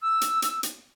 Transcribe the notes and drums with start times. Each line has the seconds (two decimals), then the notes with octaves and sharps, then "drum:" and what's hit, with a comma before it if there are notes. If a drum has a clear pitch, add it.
0.01 E6
0.21 drum: hi-hat
0.42 drum: hi-hat
0.63 drum: hi-hat